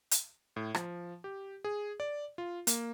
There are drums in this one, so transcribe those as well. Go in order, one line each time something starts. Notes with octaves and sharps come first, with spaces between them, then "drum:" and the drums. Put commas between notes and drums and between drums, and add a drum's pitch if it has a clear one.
drum: hi-hat
A2
F3, drum: rim click
G4
G#4
D5
F4
A#3, drum: hi-hat